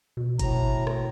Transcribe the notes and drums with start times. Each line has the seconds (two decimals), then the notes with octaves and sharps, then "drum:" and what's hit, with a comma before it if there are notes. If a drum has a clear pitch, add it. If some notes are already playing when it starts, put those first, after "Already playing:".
0.17 B2
0.39 A2 A#5, drum: kick G1, hi-hat
0.87 drum: rim click